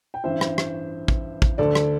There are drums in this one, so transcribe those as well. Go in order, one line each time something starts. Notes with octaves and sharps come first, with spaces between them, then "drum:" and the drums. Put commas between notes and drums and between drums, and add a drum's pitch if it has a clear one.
G5
A1 G2 E3 C5 E5
drum: rim click
drum: rim click
drum: kick
drum: kick
D2 D3 A4 D5
drum: rim click